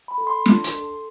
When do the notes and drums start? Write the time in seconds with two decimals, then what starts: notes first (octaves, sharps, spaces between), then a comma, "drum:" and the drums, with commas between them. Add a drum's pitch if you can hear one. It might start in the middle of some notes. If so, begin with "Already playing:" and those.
0.08 B5
0.18 A4
0.27 C6
0.46 D4, drum: snare
0.64 drum: hi-hat
0.73 A4